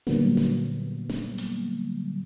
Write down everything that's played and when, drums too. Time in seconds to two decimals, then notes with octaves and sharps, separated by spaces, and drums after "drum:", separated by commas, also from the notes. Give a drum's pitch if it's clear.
0.07 A#2 D3 F#3 G3 A#3 B3, drum: snare
0.37 drum: snare
1.09 drum: snare
1.38 drum: hi-hat